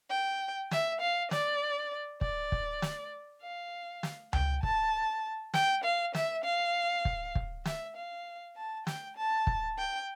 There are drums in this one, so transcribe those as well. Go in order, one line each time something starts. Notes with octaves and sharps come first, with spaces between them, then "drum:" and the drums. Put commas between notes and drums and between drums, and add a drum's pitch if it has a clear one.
G5
E5, drum: snare
F5
D5, drum: snare
D5, drum: kick
drum: kick
drum: snare
F5
drum: snare
G5, drum: tom C#2
A5, drum: kick
G5, drum: snare
F5
E5, drum: snare
F5
drum: kick
drum: kick
E5, drum: snare
F5
A5
G5, drum: snare
A5
drum: kick
G5